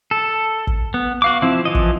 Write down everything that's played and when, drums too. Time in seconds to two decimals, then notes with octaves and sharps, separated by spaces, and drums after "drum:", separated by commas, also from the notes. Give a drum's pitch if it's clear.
0.11 A4
0.67 drum: kick
0.94 B3
1.22 F#4 F5 D6
1.42 F3 C4 E4
1.65 E3 F3 D#5
1.75 drum: kick